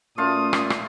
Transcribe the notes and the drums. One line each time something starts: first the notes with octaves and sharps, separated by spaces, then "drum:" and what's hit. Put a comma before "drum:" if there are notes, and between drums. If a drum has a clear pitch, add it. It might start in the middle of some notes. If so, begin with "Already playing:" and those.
A#2 A3 C#4 F4 D#6
drum: rim click
drum: rim click